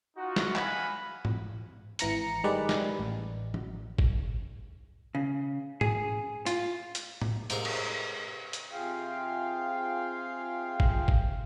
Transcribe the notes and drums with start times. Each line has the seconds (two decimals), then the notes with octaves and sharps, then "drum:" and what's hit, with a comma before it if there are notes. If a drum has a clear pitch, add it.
0.17 D#4 F4 F#4
0.36 drum: snare
0.55 D#5 F5 F#5 G#5 B5, drum: clap
1.25 drum: tom G#2
1.99 G#1 E3 A#5 C#7, drum: hi-hat
2.44 D#3 G3 G#3 D#4 B4 D5
2.69 drum: snare
2.99 A1
3.54 drum: tom
3.98 drum: kick G#1
5.15 C#3
5.81 G#4, drum: tom G#2
6.46 F4, drum: hi-hat
6.95 drum: hi-hat
7.21 drum: tom A2
7.50 G#2 C3 A#4 F5, drum: hi-hat
7.65 drum: cymbal
8.53 drum: hi-hat
8.72 C3 F4 G#4 F5 G5
10.80 drum: kick G#1
11.08 drum: kick G#1